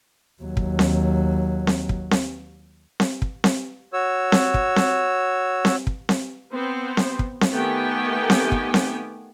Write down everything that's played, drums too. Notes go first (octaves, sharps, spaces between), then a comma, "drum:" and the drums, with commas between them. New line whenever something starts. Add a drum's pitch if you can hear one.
D#2 F#3
drum: kick
drum: snare C4
drum: snare C4
drum: kick
drum: snare C4
drum: snare C4
drum: kick
drum: snare C4
F#4 C#5 E6
drum: snare C4
drum: kick
drum: snare C4
drum: snare C4
drum: kick
drum: snare C4
B3 C4 C5
drum: snare C4
drum: kick
drum: snare C4
D#3 A3 B3 G4 G5 G#5
drum: snare C4
drum: kick
drum: snare C4